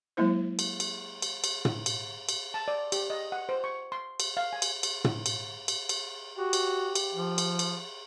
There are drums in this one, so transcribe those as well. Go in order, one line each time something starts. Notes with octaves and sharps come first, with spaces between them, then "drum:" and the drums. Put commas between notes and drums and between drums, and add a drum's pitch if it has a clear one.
F#3 G#3 A#3 E4 C5
drum: cymbal
drum: cymbal
drum: cymbal
drum: cymbal
drum: tom
drum: cymbal
drum: cymbal
A5
D5
G4, drum: cymbal
D#5
F#5
C5
C#6
C6
drum: cymbal
F5
G#5
drum: cymbal
drum: cymbal
drum: tom
drum: cymbal
drum: cymbal
drum: cymbal
F#4 G4
drum: cymbal
drum: cymbal
F3
drum: cymbal
drum: cymbal